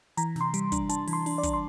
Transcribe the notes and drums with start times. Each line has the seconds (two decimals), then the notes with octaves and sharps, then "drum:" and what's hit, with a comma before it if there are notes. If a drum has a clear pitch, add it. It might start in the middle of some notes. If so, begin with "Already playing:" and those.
0.17 E3 A#5, drum: hi-hat
0.36 C3 C6, drum: snare
0.54 G3, drum: hi-hat
0.72 D4, drum: kick, hi-hat
0.89 D4 A5, drum: hi-hat
1.07 E3, drum: open hi-hat
1.13 C6
1.26 D4, drum: open hi-hat
1.38 D5
1.43 D4, drum: kick, hi-hat
1.53 C6